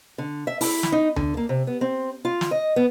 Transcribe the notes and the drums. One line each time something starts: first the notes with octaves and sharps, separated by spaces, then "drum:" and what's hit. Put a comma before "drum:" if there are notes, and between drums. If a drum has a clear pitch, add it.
D3
E5
E4, drum: open hi-hat
drum: snare
D#4
D3, drum: tom D2
A#3
C3
B3
C4
F4
drum: snare
D#5
B3